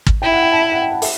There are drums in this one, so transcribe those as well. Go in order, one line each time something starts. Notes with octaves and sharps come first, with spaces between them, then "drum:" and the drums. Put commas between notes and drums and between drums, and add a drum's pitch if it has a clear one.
drum: kick
E4 G5
F#5
G5
A5
B5
F#5
G5
F#5
E5, drum: open hi-hat